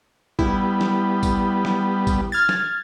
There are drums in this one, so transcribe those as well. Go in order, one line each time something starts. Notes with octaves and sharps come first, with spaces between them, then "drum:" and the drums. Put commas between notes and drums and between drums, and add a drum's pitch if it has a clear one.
G3 B3 E4, drum: kick
drum: snare
drum: kick, tambourine
drum: snare
drum: kick, tambourine
F6 G#6 A6
drum: snare